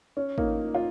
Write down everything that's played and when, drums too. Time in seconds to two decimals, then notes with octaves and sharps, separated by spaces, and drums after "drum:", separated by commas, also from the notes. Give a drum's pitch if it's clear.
0.17 C#4
0.38 A#3 D#4, drum: kick A1
0.75 F4